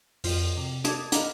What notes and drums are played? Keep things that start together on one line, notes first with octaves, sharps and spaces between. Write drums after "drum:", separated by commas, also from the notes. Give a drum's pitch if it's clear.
F2 F3 F4, drum: open hi-hat
C3
A5 D6 D#6 G#6, drum: hi-hat
D#5 F5 F#5 A#5 B5 D6, drum: hi-hat